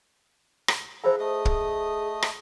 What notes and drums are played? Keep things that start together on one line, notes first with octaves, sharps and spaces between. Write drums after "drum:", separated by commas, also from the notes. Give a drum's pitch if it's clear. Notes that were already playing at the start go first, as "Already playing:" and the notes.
drum: rim click
E4 G#4 A4 C5 F5 A#5
A3 D#5 D#6
drum: kick
drum: rim click